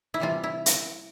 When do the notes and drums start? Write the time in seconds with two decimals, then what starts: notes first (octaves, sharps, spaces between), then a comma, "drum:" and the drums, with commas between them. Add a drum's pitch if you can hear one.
0.14 E4
0.20 C3 E3 G3 F4
0.44 E4
0.66 drum: hi-hat